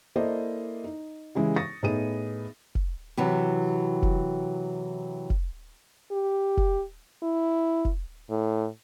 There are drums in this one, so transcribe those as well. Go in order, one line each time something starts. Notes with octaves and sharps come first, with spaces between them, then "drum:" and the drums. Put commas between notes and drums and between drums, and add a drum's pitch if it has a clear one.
A#3 E4 A4 C5 D5 D#5
D#4
C#3 E3 G#3 E4 G4
C#6 D#6 A6 A#6 C#7
A2 B3 D#4 G#4 D#6 D#7
drum: kick
C3 E3 F#3
drum: kick
drum: kick
G4
drum: kick
E4
drum: kick
A2